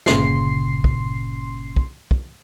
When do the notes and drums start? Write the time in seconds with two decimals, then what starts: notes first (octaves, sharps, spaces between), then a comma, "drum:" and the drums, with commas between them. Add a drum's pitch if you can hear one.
0.06 G1 A#2 C#3 C6 C7, drum: snare
0.84 drum: kick
1.76 drum: kick
2.11 drum: kick